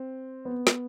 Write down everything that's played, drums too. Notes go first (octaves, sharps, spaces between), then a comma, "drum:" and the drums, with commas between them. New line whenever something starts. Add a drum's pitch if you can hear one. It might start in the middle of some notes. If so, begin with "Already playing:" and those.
Already playing: C4
B3
drum: snare